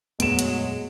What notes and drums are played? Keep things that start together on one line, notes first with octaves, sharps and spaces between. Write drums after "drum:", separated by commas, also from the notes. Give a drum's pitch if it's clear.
F2 A#2 F#3 G#3 A3 B3 D7 E7, drum: hi-hat
drum: hi-hat